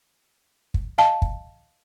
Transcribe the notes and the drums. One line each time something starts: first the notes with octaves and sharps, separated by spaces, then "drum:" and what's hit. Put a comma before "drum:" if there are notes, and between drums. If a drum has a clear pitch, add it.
drum: kick
D#5 F5 A5
drum: kick